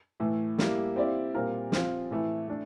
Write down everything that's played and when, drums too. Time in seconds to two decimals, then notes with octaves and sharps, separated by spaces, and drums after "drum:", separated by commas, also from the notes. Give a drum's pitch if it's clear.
0.20 A2 E3 A3
0.58 G3 A#3 E4, drum: snare
0.96 C4 E4 G4 D5 F5
1.34 A#2 G3 C4 F4 A#4
1.72 F3 C4 F4, drum: snare
2.11 A2 E3 A3 E4
2.48 A3 D4